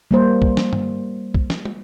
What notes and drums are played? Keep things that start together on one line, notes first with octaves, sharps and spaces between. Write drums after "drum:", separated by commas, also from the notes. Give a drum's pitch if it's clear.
G3 A#3 C5
drum: kick
drum: snare
drum: tom G2
drum: kick
drum: snare
drum: tom